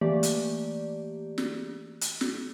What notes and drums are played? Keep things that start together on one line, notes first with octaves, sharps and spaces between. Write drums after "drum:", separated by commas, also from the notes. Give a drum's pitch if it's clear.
E3 A3 A#3 G4 D5
drum: hi-hat
drum: snare
drum: hi-hat
drum: snare